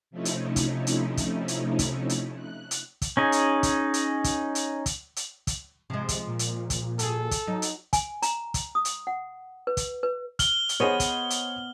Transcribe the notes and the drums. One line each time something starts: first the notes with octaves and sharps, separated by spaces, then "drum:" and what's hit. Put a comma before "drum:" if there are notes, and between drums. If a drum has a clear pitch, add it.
C3 F3 A3 C#4 D#4 E4
drum: hi-hat
drum: kick, hi-hat
drum: hi-hat
drum: kick, hi-hat
drum: hi-hat
drum: kick, hi-hat
drum: hi-hat
F#6
drum: hi-hat
drum: kick, hi-hat
C#4 D#4 G#4
drum: hi-hat
drum: kick, hi-hat
drum: hi-hat
drum: kick, hi-hat
drum: hi-hat
drum: kick, hi-hat
drum: hi-hat
drum: kick, hi-hat
C3 F3 G#3
drum: kick, hi-hat
A#2
drum: hi-hat
drum: kick, hi-hat
F#4 G#4 A4, drum: hi-hat
drum: kick, hi-hat
F#3 D#4
drum: hi-hat
G#5, drum: kick, hi-hat
A#5, drum: hi-hat
drum: kick, hi-hat
D#6
drum: hi-hat
F#5
B4
drum: kick, hi-hat
B4
F6 F#7 G7, drum: kick, hi-hat
drum: hi-hat
B3 G#4 C5 C#5 D#5
drum: kick, hi-hat
drum: hi-hat